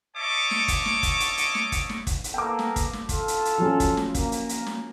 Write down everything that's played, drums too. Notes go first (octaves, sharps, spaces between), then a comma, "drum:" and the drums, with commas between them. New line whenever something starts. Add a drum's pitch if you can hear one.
C#5 D#5 E5 A5 C#6 D6
drum: snare
drum: kick, hi-hat
drum: snare
drum: kick, hi-hat
drum: hi-hat
drum: hi-hat
drum: snare
drum: kick, hi-hat
drum: snare
drum: kick, hi-hat
drum: hi-hat
A#3 B3 A4 G5 D6
drum: snare
drum: kick, hi-hat
drum: snare
F4 A4, drum: kick, hi-hat
drum: hi-hat
drum: hi-hat
F3 F#3 C#4
drum: kick, hi-hat
drum: snare
A#3, drum: kick, hi-hat
drum: hi-hat
drum: hi-hat
drum: snare